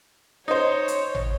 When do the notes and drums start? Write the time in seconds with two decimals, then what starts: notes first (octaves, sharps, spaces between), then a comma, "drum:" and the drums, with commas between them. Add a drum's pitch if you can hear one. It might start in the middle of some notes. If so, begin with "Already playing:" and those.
0.48 D#4 C5 C#5
0.88 drum: hi-hat
1.15 drum: tom G#1